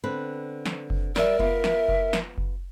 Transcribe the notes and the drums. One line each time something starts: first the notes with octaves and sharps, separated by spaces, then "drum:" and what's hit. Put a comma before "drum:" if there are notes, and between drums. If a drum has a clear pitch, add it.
D3 C4 B4
drum: snare
drum: kick F#1
G3 A#4 D5 E5 E6, drum: snare
B3 F4 E5, drum: kick F#1
drum: snare
drum: kick F#1
drum: snare
drum: kick F#1